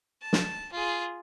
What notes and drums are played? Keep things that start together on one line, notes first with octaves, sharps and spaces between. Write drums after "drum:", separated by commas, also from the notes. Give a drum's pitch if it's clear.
A5
drum: snare
F4 G#4